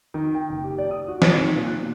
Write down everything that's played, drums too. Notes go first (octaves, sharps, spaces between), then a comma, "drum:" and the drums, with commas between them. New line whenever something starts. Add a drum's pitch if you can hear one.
D#3
G5
F#1
G4
D5
D#6
F#4
C#5, drum: snare
D#3
A#2
F#6
B2